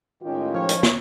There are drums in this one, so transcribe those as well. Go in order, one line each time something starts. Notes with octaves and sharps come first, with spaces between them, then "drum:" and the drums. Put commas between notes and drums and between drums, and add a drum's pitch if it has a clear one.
A2 D#3 G#3 C#4 F4 G4
F3 C#5
drum: hi-hat
drum: snare